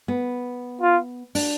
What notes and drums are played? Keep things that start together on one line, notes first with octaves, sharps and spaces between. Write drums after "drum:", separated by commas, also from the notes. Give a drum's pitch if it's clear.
B3
F4
D4, drum: open hi-hat